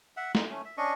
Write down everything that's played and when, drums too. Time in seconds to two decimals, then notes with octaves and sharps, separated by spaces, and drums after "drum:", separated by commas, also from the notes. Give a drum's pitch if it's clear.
0.17 E5 F#5
0.35 G#3 D#4, drum: snare
0.50 A3 C#4
0.65 E5
0.77 C#4 D4 D#5 C#6